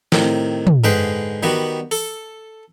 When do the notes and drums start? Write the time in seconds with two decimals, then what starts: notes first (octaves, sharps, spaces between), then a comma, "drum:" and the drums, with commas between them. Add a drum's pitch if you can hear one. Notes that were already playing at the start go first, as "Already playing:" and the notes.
0.12 A2 C3 D#3, drum: snare
0.67 drum: tom
0.84 G#2 D3 G#3 B4 G5 B5
1.43 D#3 G3 B3 F#4
1.91 A4, drum: open hi-hat